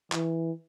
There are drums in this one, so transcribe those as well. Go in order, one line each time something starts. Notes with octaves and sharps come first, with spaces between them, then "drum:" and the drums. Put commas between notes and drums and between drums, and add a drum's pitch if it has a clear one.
E3, drum: clap